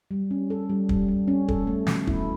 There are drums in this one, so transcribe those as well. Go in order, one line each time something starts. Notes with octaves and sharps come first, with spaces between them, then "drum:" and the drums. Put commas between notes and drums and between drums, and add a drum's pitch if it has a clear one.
G3
C#4
A4
G3
G3, drum: kick
G3
C#4
A4, drum: kick
A3
B2, drum: snare
E4, drum: kick